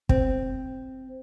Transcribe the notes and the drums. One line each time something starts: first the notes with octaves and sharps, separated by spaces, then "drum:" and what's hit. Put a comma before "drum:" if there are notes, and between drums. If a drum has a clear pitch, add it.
C4, drum: kick